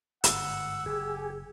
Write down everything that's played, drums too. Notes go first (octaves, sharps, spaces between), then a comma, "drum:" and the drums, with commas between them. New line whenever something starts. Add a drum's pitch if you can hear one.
G1 G#2 F#5 E6, drum: hi-hat
F#1 G4 G#4